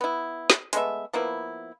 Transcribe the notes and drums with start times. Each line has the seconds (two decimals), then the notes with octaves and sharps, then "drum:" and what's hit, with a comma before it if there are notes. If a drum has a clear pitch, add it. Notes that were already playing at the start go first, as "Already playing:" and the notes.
0.01 B3 E4
0.50 drum: snare
0.73 G#3 A3 B3 E5, drum: hi-hat
1.13 F3 A#3 B3 E4